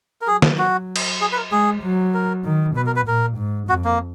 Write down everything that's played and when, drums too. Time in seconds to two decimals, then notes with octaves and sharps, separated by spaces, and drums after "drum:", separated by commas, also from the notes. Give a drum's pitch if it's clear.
0.21 A#4
0.27 F#3 G#4
0.42 drum: snare
0.58 F#4
0.96 drum: cymbal
1.21 G#4
1.32 B4
1.37 A#4
1.52 G#3 G#4
1.83 F#3
2.14 A#4
2.45 D#3
2.76 B2 B4
2.86 A#4
2.96 B4
3.07 A#2 A#4
3.38 G#2
3.69 F2 F#4
3.85 A#3